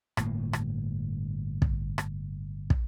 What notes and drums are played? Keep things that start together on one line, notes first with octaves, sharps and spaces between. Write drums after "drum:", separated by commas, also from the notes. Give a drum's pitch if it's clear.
G1 A2 A#3, drum: rim click
drum: rim click
drum: kick
drum: rim click
drum: kick